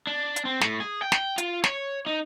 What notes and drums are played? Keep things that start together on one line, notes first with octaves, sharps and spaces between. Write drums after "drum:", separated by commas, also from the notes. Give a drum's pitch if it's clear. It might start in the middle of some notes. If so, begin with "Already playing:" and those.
D4
drum: hi-hat
C4
A2, drum: snare
G#4
G5
drum: snare
F4, drum: hi-hat
C#5, drum: snare
D#4